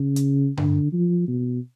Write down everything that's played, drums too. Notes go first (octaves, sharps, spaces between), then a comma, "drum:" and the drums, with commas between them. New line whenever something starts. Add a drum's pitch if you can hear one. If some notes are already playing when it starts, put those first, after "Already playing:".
Already playing: C#3
drum: hi-hat
D3, drum: tom G2
F3
B2